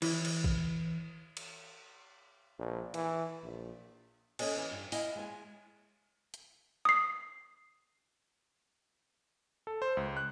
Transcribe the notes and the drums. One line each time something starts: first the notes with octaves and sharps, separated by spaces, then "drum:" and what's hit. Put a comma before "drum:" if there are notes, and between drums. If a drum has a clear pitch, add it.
E3, drum: cymbal
drum: cymbal
drum: kick A#1
drum: cymbal
A#1
E3, drum: cymbal
A#1
C#4 A4 D#5 G#5, drum: cymbal
E3
G2
E4 D#5 F5 G#5, drum: open hi-hat
G#3 G#5
drum: hi-hat
D#6 C7
A4
C5
C#2
F#6